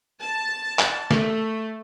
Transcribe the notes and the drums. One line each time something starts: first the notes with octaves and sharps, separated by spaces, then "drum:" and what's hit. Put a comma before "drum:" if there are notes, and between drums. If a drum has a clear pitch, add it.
A5
drum: clap
A3, drum: snare